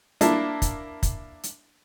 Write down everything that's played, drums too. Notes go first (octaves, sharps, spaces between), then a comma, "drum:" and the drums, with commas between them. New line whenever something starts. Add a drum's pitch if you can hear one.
A#3 D4 E4 A5, drum: hi-hat
drum: kick, hi-hat
drum: kick, hi-hat
drum: hi-hat